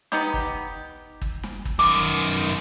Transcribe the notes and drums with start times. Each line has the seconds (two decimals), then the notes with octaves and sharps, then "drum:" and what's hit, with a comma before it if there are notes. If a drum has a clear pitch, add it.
0.12 B3 D#4 G4, drum: snare
0.34 drum: kick
1.22 drum: kick
1.43 drum: snare
1.65 drum: kick
1.79 F#2 D#3 D6